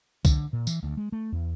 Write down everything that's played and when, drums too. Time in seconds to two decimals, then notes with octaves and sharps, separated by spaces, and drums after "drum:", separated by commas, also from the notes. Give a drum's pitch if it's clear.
0.25 D3, drum: kick C2, tambourine
0.53 A#2
0.67 E3, drum: tambourine
0.83 D2
0.97 G#3
1.12 A3
1.32 E2